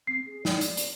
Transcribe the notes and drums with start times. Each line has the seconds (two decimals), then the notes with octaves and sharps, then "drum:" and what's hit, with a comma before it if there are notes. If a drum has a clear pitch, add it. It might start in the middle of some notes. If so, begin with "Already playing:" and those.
0.07 C4 C7
0.26 G#4
0.45 D5, drum: snare
0.61 drum: hi-hat
0.77 drum: hi-hat